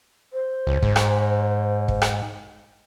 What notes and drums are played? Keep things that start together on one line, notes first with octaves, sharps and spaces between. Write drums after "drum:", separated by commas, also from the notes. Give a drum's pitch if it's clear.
C5
C#2
G#2, drum: kick
drum: rim click
drum: kick
drum: rim click